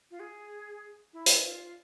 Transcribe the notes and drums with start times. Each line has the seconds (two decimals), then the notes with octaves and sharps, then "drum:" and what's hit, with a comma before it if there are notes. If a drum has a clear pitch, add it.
0.11 F4
0.20 G#4
1.13 E4
1.26 drum: hi-hat
1.44 F4